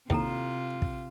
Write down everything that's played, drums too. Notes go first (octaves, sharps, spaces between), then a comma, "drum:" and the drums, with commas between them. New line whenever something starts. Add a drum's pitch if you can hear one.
D#2 C3 E4 F4 A4 A#5, drum: kick
drum: kick